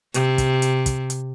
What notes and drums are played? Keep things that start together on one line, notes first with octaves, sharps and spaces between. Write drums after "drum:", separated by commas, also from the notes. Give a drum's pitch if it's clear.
C3, drum: hi-hat
drum: kick, hi-hat
drum: hi-hat
drum: kick, hi-hat
drum: hi-hat